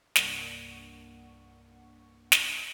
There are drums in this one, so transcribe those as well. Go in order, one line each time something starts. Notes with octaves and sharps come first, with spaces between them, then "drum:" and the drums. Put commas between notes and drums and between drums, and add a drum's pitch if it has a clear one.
C2 G2 A#3 D4 F#5 C#6, drum: snare
drum: snare